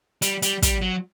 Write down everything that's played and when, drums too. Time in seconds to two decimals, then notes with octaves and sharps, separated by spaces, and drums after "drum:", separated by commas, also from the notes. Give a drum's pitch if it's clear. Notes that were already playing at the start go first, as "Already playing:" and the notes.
0.22 G3, drum: hi-hat
0.42 G3, drum: hi-hat
0.62 G3, drum: kick, hi-hat
0.82 F#3